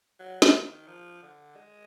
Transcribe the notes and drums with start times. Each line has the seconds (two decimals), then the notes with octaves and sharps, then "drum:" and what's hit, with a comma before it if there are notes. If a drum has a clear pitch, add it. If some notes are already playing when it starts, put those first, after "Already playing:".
0.19 F#3
0.42 F3, drum: snare
0.64 D#3
0.87 F3
1.22 D3
1.56 G#3